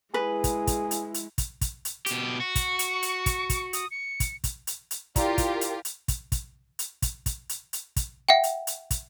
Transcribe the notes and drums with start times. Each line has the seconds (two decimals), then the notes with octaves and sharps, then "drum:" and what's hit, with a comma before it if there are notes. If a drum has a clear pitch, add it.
0.14 G#3 E4 G#4 B4
0.44 drum: kick, hi-hat
0.67 drum: kick, hi-hat
0.91 drum: hi-hat
1.14 drum: hi-hat
1.38 drum: kick, hi-hat
1.61 drum: kick, hi-hat
1.85 drum: hi-hat
2.06 B2 G4, drum: hi-hat
2.40 F#4 C#6
2.55 drum: kick, hi-hat
2.79 drum: hi-hat
3.03 drum: hi-hat
3.26 drum: kick, hi-hat
3.50 drum: kick, hi-hat
3.73 D#6, drum: hi-hat
3.91 C#7
4.20 drum: kick, hi-hat
4.44 drum: kick, hi-hat
4.67 drum: hi-hat
4.91 drum: hi-hat
5.16 E4 F4 G4 A#4 D5 A#5, drum: kick, hi-hat
5.38 drum: kick, hi-hat
5.61 drum: hi-hat
5.85 drum: hi-hat
6.08 drum: kick, hi-hat
6.32 drum: kick, hi-hat
6.79 drum: hi-hat
7.02 drum: kick, hi-hat
7.26 drum: kick, hi-hat
7.49 drum: hi-hat
7.73 drum: hi-hat
7.96 drum: kick, hi-hat
8.29 E5 F#5 G5
8.43 drum: hi-hat
8.67 drum: hi-hat
8.91 drum: kick, hi-hat